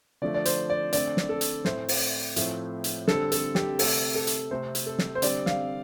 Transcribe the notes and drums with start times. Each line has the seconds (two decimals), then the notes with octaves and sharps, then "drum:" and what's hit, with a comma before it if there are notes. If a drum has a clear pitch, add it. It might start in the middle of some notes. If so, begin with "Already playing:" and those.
0.22 D3 F3 A3 D5
0.34 D5
0.45 C5, drum: hi-hat
0.70 D5
0.93 D3 A3 C4 D5, drum: hi-hat
1.17 drum: snare
1.29 A4
1.41 drum: hi-hat
1.65 A2 A3 C4 C5, drum: snare
1.89 drum: open hi-hat
2.36 A2 F3 A3 C4, drum: hi-hat
2.84 drum: hi-hat
3.08 D3 G3 C4 A4, drum: snare
3.32 A4, drum: hi-hat
3.55 G4, drum: snare
3.79 C3 A3 C4 A4, drum: open hi-hat
4.15 A4
4.27 drum: hi-hat
4.51 C3 A3 C4 C5
4.75 drum: hi-hat
4.86 A4
4.99 drum: snare
5.15 C5
5.22 D3 G3 C4 D5, drum: hi-hat
5.46 F5, drum: snare